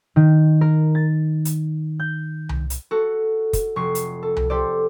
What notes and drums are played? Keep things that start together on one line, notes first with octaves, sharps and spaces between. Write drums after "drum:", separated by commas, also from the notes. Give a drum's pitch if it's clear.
D#3
A#4
A6
drum: hi-hat
G6
drum: tom C2
drum: hi-hat
F#4 A4
drum: kick, hi-hat
F1 C#6 C7
drum: hi-hat
A4
drum: tom C2
G4 A4 C5 D5